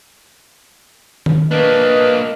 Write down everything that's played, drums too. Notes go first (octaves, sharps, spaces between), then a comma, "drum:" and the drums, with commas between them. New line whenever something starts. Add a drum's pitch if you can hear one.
drum: tom D#3
A#3 D4 B4 D#5